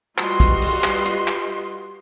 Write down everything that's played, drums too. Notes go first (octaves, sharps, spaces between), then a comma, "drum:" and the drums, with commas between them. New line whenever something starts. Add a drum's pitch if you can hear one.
G3 F4 F#4 B4 D#5 C6, drum: clap
drum: kick, hi-hat
drum: open hi-hat
drum: clap
drum: hi-hat
drum: clap